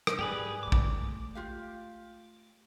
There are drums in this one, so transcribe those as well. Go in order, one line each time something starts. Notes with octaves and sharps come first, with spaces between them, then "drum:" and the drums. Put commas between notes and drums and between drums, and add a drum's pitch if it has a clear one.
drum: rim click
G#2 G3 G4 G#4 B4 D5 G#5
G#3 A3 D6
drum: kick
F4 G4 F5